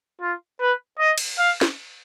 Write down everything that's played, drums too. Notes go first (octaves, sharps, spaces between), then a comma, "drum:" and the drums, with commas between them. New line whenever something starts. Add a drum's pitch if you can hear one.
F4
B4
D#5
drum: cymbal
F5
drum: snare